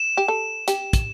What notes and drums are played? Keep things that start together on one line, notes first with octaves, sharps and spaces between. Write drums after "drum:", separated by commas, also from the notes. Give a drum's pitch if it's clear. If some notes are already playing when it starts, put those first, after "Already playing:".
Already playing: E7
G4
A4
G4, drum: hi-hat
drum: kick, hi-hat